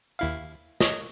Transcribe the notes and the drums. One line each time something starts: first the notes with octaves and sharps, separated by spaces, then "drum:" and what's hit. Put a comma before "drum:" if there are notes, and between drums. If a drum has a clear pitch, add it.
D#2 E4 F5
C#5 D#5, drum: snare